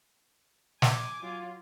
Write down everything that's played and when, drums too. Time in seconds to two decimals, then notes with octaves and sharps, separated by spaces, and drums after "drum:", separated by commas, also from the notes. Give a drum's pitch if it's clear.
0.82 G#5 D6, drum: snare
1.21 F#3 F4